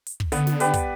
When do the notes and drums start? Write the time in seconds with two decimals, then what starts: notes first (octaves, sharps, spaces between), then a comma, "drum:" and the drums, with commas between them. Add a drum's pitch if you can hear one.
0.06 drum: hi-hat
0.20 drum: kick
0.32 D3 B3, drum: hi-hat
0.47 drum: snare
0.60 G3 B4, drum: hi-hat
0.74 drum: kick, hi-hat